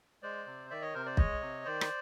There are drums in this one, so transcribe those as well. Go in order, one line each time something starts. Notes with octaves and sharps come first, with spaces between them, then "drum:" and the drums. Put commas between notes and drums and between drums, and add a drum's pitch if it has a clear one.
G#3 C5 D5
C3
D#3 D5 E5
C#5 D#5
C3 A#4 C5
C5 D5
G#3 C#5 D#5, drum: kick
C3
D#3 C5 D5
drum: rim click